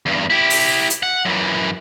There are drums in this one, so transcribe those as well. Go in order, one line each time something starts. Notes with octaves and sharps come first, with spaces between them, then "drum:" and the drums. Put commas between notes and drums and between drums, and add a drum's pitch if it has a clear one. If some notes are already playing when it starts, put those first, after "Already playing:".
E2 G2
E4 G4
drum: open hi-hat
drum: hi-hat
F#5
F#2 E3